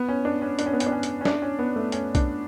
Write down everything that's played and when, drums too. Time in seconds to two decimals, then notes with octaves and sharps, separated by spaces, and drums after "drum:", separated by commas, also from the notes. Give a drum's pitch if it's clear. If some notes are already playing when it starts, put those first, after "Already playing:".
Already playing: B3
0.08 C#4
0.25 D4
0.42 C#4
0.59 D4, drum: hi-hat
0.66 C#4
0.73 B3
0.80 C#4, drum: hi-hat
0.86 D4
0.92 C#4
1.03 drum: hi-hat
1.21 C#4
1.25 D4, drum: snare
1.42 C#4
1.59 B3
1.76 A3
1.92 C#4, drum: hi-hat
2.15 D4, drum: kick B1, hi-hat